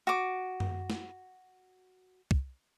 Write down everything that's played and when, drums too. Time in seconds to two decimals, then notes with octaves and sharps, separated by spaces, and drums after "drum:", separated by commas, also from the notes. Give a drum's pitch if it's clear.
0.07 F#4 D6
0.60 drum: tom F#2
0.90 drum: snare
2.31 drum: kick